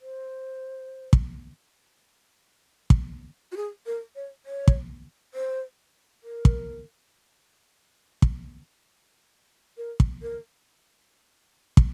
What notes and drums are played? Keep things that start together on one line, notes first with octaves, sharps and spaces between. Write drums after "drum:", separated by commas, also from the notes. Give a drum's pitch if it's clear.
C5
drum: kick
drum: kick
F#4
G#4
A#4
C#5
C#5
drum: kick
C5
A#4
drum: kick
drum: kick
A#4
drum: kick
A#4
drum: kick